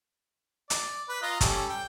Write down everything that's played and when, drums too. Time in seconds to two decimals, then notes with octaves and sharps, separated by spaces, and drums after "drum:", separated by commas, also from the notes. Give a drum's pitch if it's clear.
0.70 D5, drum: hi-hat
1.09 B4
1.22 F4 D#5 A#5
1.41 G3 C#4 A4, drum: kick, hi-hat
1.70 G5